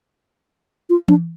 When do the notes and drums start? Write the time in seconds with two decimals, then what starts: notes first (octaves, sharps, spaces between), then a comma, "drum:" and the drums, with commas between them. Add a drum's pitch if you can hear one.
0.90 F4
1.08 D4, drum: tom E3